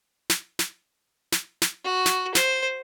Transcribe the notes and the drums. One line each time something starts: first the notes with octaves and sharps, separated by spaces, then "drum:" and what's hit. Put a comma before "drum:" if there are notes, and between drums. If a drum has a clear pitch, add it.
drum: snare
drum: snare
drum: snare
drum: snare
F#4
drum: snare
C5, drum: snare